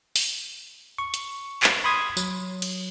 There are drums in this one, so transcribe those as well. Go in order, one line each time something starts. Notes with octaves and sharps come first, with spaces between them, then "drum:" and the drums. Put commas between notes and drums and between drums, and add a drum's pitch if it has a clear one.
drum: open hi-hat
C#6
drum: hi-hat
drum: clap
B5 C6 D#6 G#6
F#3, drum: tambourine
drum: cymbal